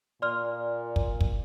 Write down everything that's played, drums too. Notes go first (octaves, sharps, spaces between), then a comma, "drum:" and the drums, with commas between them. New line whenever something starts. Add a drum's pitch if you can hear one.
A#2 D5 C6 F6
drum: kick
drum: kick